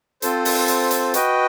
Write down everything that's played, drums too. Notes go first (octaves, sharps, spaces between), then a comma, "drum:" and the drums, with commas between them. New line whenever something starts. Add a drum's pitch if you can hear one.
C4 F4 A4 C5, drum: hi-hat
drum: open hi-hat
drum: hi-hat
drum: hi-hat
F#4 B4 D#5 G5, drum: hi-hat